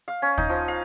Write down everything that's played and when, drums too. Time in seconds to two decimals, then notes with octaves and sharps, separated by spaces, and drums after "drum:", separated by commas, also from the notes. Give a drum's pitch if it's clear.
0.08 F5
0.22 C#4
0.38 D#4, drum: kick
0.49 F3
0.68 F5